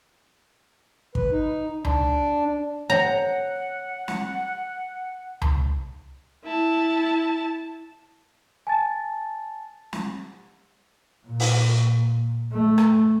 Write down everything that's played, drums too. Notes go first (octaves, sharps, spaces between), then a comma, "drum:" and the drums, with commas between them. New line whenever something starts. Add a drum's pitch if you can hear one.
B4, drum: kick
D#4
D4, drum: tom C#2
C#5 F#5 A#5
drum: snare
drum: tom C#2
E4 A5
G#5 A5 A6
drum: snare
A#2
drum: open hi-hat
A3
drum: rim click